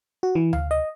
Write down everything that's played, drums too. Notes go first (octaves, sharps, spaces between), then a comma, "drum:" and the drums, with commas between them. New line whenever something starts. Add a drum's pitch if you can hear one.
F#4
E3
F5, drum: tom D2
D#5